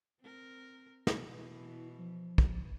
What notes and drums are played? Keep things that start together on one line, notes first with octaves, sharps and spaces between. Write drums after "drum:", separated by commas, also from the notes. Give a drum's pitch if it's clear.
C4 A#4
B2 E3 E4, drum: snare
F3
drum: kick